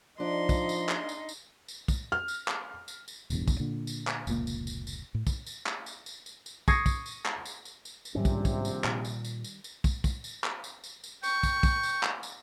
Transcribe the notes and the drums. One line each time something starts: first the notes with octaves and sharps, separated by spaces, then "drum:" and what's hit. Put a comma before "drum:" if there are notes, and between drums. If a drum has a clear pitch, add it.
F3 D4 D#4 C6
drum: kick, tambourine
drum: tambourine
drum: clap
drum: tambourine
drum: tambourine
drum: tambourine
drum: kick, tambourine
F6
drum: tambourine
drum: clap
drum: tambourine
drum: tambourine
E1 A1 E2 G2, drum: tambourine
drum: kick, tambourine
A#2 D3
drum: tambourine
drum: clap
F1 C#2 A#2 A#3, drum: tambourine
drum: tambourine
drum: tambourine
drum: tambourine
A2
drum: kick, tambourine
drum: tambourine
drum: clap
drum: tambourine
drum: tambourine
drum: tambourine
drum: tambourine
C#6 D#6 G#6 A#6 C7 C#7, drum: kick, tambourine
drum: kick, tambourine
drum: tambourine
drum: clap
drum: tambourine
drum: tambourine
drum: tambourine
drum: tambourine
A#1 G#2 C3 D#3 G3 C#4
drum: kick, tambourine
drum: kick, tambourine
drum: tambourine
A#2, drum: clap
drum: tambourine
drum: tambourine
drum: tambourine
drum: tambourine
drum: kick, tambourine
drum: kick, tambourine
drum: tambourine
drum: clap
drum: tambourine
drum: tambourine
drum: tambourine
G5 C#6, drum: tambourine
drum: kick, tambourine
drum: kick, tambourine
drum: tambourine
drum: clap
drum: tambourine